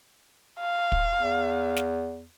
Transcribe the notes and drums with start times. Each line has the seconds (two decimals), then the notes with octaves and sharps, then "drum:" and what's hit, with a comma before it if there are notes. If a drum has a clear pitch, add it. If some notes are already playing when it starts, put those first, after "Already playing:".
0.60 F5
0.92 drum: kick
1.20 E2
1.76 drum: snare